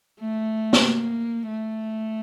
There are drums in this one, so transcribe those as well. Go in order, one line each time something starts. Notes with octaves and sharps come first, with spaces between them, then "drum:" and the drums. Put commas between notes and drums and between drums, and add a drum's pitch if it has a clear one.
A3
drum: snare
A#3
A3